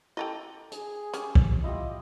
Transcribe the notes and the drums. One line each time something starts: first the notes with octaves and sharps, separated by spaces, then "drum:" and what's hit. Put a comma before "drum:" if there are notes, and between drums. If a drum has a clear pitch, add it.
E4 G4 A4 D#5
G#4, drum: hi-hat
C#4 G4, drum: hi-hat
drum: kick
E4 F4 G4 D#5